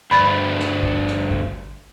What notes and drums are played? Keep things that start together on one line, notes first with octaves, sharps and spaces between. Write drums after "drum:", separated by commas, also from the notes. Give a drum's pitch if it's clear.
D2 G2 B5 A6
drum: snare
drum: kick G#1
drum: snare
drum: kick G#1